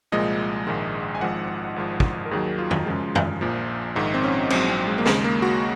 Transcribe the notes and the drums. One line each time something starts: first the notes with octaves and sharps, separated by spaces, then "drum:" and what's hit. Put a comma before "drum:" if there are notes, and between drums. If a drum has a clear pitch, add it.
C2 A#2 F3 G#3 D#5
A#1 G#2 D#3 G#3
G#5
G#1 G#2 F3 F#5
G#1 G#2 F3
drum: kick
A#4
D#2 D#3 F#3 G#4
F4
drum: tom F2
F#2 C#3 F3 G#3
drum: tom F2
A#1 A#2 F3
A#1 G#2 D#3 D#4
C4
C#4
A#1 G#2 F#3 C4, drum: cymbal
C4
G#3
A#3
D#2 C#3 G#3, drum: snare
A#3
F#4